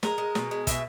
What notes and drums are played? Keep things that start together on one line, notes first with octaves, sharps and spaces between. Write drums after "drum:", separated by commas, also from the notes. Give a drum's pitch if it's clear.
G#3 A#4, drum: snare
G#3
B2, drum: snare
G#3
B2 E5, drum: kick, hi-hat